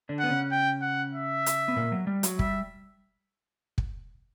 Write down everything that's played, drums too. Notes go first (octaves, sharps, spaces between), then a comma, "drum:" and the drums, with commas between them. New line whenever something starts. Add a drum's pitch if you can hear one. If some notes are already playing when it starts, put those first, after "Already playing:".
D3 D4
B3 F#5
C#3 C#4
G5
F#5
E5
drum: hi-hat
B3
A#2 A#3
F#3
G3
F#3, drum: hi-hat
G3 E5, drum: kick
drum: kick